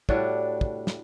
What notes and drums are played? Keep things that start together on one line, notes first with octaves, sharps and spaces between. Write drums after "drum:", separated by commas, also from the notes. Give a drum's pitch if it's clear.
A2 G3 D4 F#4, drum: kick
drum: kick
drum: snare